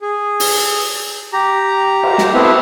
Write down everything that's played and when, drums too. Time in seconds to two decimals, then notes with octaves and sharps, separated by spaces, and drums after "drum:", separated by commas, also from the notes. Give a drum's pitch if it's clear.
0.01 G#4
0.40 drum: open hi-hat
1.33 G4 A#5
2.03 drum: cymbal
2.18 drum: snare
2.34 A3 B3 C4 E4 B4 E5